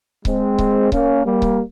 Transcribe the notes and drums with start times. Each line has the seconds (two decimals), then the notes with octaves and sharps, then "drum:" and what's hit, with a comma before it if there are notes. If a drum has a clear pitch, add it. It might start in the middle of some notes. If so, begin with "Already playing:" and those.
0.25 G#3 C4, drum: kick C#1
0.58 drum: kick C#1
0.92 A#3 C#4, drum: kick C#1
1.25 G3 A#3
1.42 drum: kick C#1